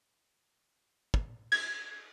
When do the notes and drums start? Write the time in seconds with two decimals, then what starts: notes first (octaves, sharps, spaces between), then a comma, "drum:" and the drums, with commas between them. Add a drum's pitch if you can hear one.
1.14 drum: kick
1.52 G#6, drum: cymbal